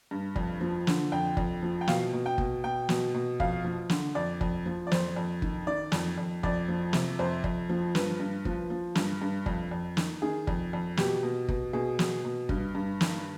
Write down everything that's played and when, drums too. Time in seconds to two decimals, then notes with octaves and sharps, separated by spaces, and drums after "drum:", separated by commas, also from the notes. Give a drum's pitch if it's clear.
0.11 G2
0.36 F2, drum: kick
0.61 F3
0.87 D3, drum: snare
1.12 F2 G5
1.37 F2, drum: kick
1.63 F3
1.81 G5
1.88 B2 F5, drum: snare
2.13 B2
2.26 G5
2.38 B2, drum: kick
2.64 B2 G5
2.89 B2, drum: snare
3.14 B2
3.40 F2 F5, drum: kick
3.64 F3
3.89 D3, drum: snare
4.15 F2 D5
4.41 F2, drum: kick
4.66 F3
4.87 D5
4.92 F2 C5, drum: snare
5.16 F2
5.42 D#3, drum: kick
5.67 D#3 D5
5.92 F2, drum: snare
6.18 F2
6.43 F2 D5, drum: kick
6.68 F3
6.93 C3, drum: snare
7.19 F2 C5
7.44 F2, drum: kick
7.69 F3
7.95 G2 B4, drum: snare
8.20 G2
8.45 F3, drum: kick
8.70 F3
8.95 G2, drum: snare
9.22 G2
9.46 F2, drum: kick
9.71 F2
9.97 D#3, drum: snare
10.22 D#3 G#4
10.47 F2, drum: kick
10.73 F2
10.97 B2 G4, drum: snare
11.23 B2
11.48 B2, drum: kick
11.73 B2 G#4
11.99 B2, drum: snare
12.25 B2
12.49 G2, drum: kick
12.75 G2
13.01 D#3, drum: snare